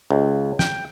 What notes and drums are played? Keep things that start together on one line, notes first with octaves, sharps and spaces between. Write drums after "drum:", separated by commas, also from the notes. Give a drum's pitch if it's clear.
C#2
G5, drum: snare